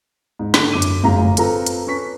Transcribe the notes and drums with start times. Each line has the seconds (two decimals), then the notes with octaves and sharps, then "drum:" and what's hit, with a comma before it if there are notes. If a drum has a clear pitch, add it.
0.39 G#2
0.54 D3 A4, drum: snare
0.72 F#2 D6 D#7
0.82 drum: hi-hat
1.03 G1 F#2 A2 G#4 F5 A#5
1.37 C4 F4 A4 B4 A#5, drum: hi-hat
1.67 drum: hi-hat
1.87 C#4 B4 C#6 B6